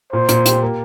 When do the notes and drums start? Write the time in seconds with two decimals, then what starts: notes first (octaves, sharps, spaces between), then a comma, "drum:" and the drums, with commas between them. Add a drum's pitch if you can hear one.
0.12 A#2 C5
0.29 A#2, drum: hi-hat
0.46 G4, drum: hi-hat
0.62 A#3